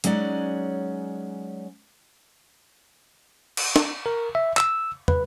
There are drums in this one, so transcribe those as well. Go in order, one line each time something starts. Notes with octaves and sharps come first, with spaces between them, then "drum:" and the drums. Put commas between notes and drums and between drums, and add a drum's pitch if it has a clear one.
F#3 G#3 C#4 D#4 D5 F#5, drum: hi-hat
drum: cymbal
drum: snare
A#4
E5
E6, drum: clap
B4, drum: tom